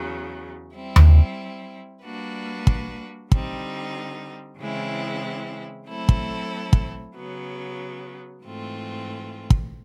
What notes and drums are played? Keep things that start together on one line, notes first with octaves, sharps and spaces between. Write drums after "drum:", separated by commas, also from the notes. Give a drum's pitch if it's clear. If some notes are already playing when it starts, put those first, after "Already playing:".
Already playing: E2 C#3 F#3
G3 C4 E4
drum: tom D#2
G3 A#3 D4 F#4 B4
drum: kick
D3 G3 C4 D#4, drum: kick
C#3 E3 G#3 C4 E4
F#3 A3 C4 E4 A4
drum: kick
drum: kick
C#3 F#3 B3
G#2 E3 A3 C4 F4
drum: kick